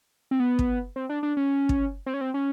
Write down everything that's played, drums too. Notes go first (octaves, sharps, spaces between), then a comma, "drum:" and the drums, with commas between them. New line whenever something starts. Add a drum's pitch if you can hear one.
C4
B3
drum: kick
C4
D4
D4
C#4
drum: kick
C4
C#4
C4
C#4